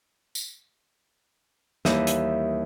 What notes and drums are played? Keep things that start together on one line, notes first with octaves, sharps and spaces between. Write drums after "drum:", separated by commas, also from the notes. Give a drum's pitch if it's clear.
drum: tambourine
D#2 E3 G3 D#5 E5, drum: snare
drum: hi-hat